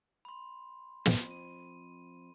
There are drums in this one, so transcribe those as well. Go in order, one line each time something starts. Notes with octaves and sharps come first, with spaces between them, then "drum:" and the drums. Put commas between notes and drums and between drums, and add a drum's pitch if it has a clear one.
B5 C6
F2, drum: snare
D#7